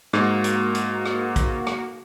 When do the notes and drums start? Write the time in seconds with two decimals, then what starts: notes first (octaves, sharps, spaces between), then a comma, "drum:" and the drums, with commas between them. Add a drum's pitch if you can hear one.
0.13 G#2 A#3 F#4, drum: rim click
0.44 drum: hi-hat
0.75 drum: hi-hat
1.05 drum: rim click
1.36 drum: kick, hi-hat
1.67 drum: rim click